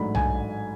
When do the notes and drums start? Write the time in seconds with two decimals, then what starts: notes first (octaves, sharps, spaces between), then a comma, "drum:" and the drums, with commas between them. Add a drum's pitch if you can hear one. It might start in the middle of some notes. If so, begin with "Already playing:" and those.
Already playing: A1 G#2 F#3 A3 D4 B5
0.15 G#5, drum: tom B1